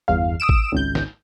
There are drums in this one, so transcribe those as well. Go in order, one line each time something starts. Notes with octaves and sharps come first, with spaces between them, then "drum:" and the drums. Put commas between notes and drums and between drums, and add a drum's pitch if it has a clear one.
G1 E2 F5
D#6 E6 D7 E7
drum: kick G#1
G#1 C#2 G6
drum: snare